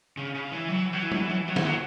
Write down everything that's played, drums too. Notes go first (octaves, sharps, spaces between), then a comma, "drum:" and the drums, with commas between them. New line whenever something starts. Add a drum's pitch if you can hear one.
C#3
C#3
E3
F#3
E3
F#3
E3
F#3, drum: tom
E3
F#3
E3
F#3
E3, drum: snare
F#3